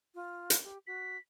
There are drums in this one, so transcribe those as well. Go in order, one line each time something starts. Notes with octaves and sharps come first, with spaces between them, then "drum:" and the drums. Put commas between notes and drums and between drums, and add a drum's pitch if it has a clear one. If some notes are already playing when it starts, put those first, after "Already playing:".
F4
drum: hi-hat
G4
F#4 B6